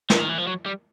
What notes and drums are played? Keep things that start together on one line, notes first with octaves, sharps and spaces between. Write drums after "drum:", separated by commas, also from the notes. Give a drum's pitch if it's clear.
D3, drum: snare
D#3
E3
F3
F#3
G3